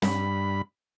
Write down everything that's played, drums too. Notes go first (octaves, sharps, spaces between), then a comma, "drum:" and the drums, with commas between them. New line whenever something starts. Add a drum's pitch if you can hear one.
G2 B5, drum: snare